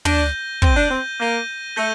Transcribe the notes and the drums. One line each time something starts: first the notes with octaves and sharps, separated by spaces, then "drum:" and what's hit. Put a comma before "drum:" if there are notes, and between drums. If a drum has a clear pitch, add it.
D4 G6 A#6 D#7 G7, drum: tom
C4 G6 A#6 D#7 G7, drum: kick
D4
C4
A#3 G6 A#6 D#7 G7
A3 G6 A#6 D#7 G7